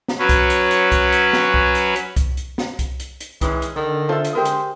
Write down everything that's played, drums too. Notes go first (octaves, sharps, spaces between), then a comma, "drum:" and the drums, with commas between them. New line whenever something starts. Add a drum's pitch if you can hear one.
drum: snare
F#3 C#4 B4
drum: kick C2, hi-hat
drum: hi-hat
drum: hi-hat
drum: kick C2, hi-hat
drum: hi-hat
drum: snare
drum: kick C2
drum: hi-hat
drum: hi-hat
drum: kick C2, hi-hat
drum: hi-hat
drum: snare
drum: kick C2, hi-hat
drum: hi-hat
drum: hi-hat
D#3 E3 G#3 C#4, drum: kick C2, hi-hat
drum: hi-hat
D3 D#3 A4
F4 A4 C5 E5
drum: hi-hat
G#3 G4 A#4 C5
drum: hi-hat